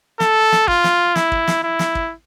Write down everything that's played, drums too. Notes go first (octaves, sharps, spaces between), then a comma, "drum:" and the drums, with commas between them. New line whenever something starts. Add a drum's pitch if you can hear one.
A4, drum: snare
drum: snare
F4, drum: kick
drum: snare
E4, drum: snare
drum: kick
drum: snare
E4
drum: snare
drum: kick